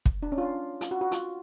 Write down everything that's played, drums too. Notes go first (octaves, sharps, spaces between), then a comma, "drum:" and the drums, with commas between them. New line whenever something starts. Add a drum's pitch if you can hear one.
drum: kick
D4
C#4
F4
D4
F4, drum: hi-hat
F#4
F#4
F4, drum: hi-hat